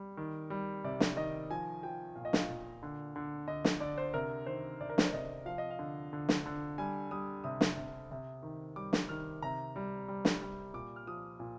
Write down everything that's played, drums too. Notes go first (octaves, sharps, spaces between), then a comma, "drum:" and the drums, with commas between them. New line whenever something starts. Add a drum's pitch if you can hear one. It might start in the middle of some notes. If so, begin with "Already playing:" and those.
Already playing: G3
D#3
G3
C3 D5
drum: snare
D#3 D#5
F3 G#5
F3 G5
A#2 F5
D#5
F5, drum: snare
A#2
D3
D3
D3 D#5
drum: snare
D3 D5
C5
C3 A#4
D#3 C5
C3 D5
A#4
C5, drum: snare
D5
C3 D#5
F3 F5
D#5
F5
D3
D3
drum: snare
D3
G3 G#5
G3 D#6
C3 D#6
drum: snare
C3
C3
D#3
G3 D6
drum: snare
D#3 F6
C3 A#5
G3
G3
drum: snare
G3
A#2 D6
F6
F3 D#6
A#2